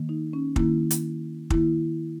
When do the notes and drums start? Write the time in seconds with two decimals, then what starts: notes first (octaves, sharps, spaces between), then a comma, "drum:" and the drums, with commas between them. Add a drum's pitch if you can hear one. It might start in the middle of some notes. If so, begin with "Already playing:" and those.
Already playing: D#3 A#3
0.09 D#4
0.33 C#4
0.56 D#3 A#3 E4, drum: kick
0.91 drum: hi-hat
1.50 D#3 A#3 E4, drum: kick